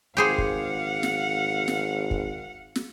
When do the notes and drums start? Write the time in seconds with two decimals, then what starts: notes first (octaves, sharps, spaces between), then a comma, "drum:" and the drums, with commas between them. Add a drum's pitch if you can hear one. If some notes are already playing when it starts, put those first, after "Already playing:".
0.17 G#1 G4 G#4 C5 F5 F#5
0.38 drum: kick
1.03 drum: snare
1.68 drum: snare
2.11 drum: kick
2.76 drum: snare